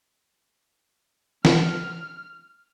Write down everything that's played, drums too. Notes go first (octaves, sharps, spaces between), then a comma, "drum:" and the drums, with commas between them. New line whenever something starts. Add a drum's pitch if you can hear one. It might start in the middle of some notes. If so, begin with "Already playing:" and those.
F6, drum: snare